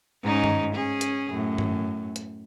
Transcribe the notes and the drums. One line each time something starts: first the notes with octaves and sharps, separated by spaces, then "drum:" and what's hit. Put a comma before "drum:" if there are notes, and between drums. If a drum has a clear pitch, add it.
G#2 C#4 D#4
drum: tom G2
C#4 G#4
drum: hi-hat
F#2 A2
drum: tom G2
drum: hi-hat